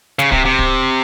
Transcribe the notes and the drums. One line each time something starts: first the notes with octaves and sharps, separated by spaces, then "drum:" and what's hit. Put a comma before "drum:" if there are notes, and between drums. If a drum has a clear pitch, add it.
C#3, drum: snare
C3, drum: kick D1
C3
drum: kick D1